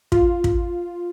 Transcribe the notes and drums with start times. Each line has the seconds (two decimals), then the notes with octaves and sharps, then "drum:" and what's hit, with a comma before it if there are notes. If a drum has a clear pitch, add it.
0.12 F4, drum: kick
0.44 drum: kick